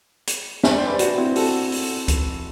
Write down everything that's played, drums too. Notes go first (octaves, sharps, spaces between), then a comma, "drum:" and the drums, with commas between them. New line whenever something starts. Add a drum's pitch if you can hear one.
drum: hi-hat
E5, drum: snare
D5
C5
B4 D5
D4 F#4, drum: hi-hat
C4 E4
F#4 A4, drum: open hi-hat
drum: open hi-hat
drum: kick C#2, hi-hat